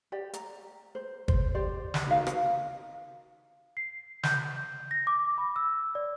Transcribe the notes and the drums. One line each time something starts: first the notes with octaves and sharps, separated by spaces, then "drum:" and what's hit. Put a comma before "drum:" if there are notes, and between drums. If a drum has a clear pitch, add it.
G4 D5
A#5, drum: hi-hat
C5
C5, drum: kick
G4 C5 D5
drum: snare
D#4 F#4 A#4 F5
drum: rim click
C7
G6, drum: snare
A#6
D6
B5
E6
D5